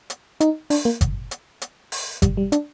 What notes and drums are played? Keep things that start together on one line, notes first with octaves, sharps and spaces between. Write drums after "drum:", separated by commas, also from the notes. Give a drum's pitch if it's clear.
drum: hi-hat
D#4, drum: hi-hat
D4, drum: open hi-hat
A#3
drum: kick G1, hi-hat
drum: hi-hat
drum: hi-hat
drum: open hi-hat
G3, drum: kick G1, hi-hat
G3
D4, drum: hi-hat